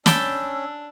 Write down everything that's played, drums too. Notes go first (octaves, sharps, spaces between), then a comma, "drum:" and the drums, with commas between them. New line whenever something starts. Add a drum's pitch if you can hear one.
C#4 D4 G5 A5 B5 E6, drum: snare